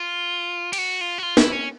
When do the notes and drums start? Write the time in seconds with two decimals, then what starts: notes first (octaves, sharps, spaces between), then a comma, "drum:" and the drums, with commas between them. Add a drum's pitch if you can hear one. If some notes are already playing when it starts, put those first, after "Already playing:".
Already playing: F4
0.73 G4, drum: cymbal
0.78 F#4
1.01 F4
1.18 F#4
1.23 F4
1.37 E4, drum: snare
1.52 C#4